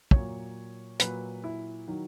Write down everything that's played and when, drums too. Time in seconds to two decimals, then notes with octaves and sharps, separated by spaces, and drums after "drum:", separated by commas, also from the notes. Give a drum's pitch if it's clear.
0.11 A#2 F#3 C#5, drum: kick
1.00 A#2 F#3 B4, drum: hi-hat
1.44 E4
1.88 D#3 F#3